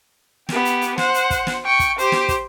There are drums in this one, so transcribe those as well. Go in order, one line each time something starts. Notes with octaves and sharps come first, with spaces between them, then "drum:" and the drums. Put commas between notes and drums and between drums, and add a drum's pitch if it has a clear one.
B3 G4, drum: snare
drum: hi-hat
drum: hi-hat
C5 F#5, drum: snare
drum: hi-hat
drum: kick, hi-hat
drum: snare
G5 C#6
drum: kick, hi-hat
G4 C5, drum: hi-hat
drum: snare
drum: kick, hi-hat